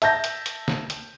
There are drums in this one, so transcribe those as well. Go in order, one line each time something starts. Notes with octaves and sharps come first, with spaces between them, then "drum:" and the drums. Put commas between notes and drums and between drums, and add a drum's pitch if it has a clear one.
E5 A5 G6 A#6, drum: hi-hat
drum: hi-hat
drum: hi-hat
drum: snare
drum: hi-hat